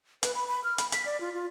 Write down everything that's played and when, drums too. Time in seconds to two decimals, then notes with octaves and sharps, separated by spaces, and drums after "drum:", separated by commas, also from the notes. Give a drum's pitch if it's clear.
0.23 B4, drum: hi-hat
0.35 B5
0.48 B5
0.64 F6
0.78 B5, drum: hi-hat
0.92 B6, drum: hi-hat
1.06 D5
1.21 F4
1.34 F4